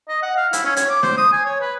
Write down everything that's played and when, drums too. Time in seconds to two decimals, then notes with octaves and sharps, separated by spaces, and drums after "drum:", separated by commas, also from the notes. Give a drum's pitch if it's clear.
0.09 D#5
0.23 F#5
0.37 F5
0.53 E4, drum: hi-hat
0.65 C#4
0.76 C#5, drum: hi-hat
0.89 D6
1.03 C5, drum: snare
1.18 D#6
1.32 G#5
1.46 C#5
1.61 B4